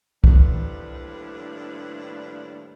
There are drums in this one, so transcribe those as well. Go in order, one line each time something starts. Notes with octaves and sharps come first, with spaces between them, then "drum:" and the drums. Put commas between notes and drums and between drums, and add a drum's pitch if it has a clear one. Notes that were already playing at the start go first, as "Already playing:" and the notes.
D#2 A2 F3 G3 D4 B4, drum: kick